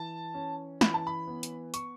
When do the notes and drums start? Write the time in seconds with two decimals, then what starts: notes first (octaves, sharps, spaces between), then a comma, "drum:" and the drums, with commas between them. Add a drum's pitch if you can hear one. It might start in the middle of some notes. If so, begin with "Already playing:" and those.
Already playing: E3 A5
0.34 C#4
0.81 E3 B5, drum: snare
0.94 A5
1.07 B5
1.27 B3
1.43 drum: hi-hat
1.74 C#6, drum: hi-hat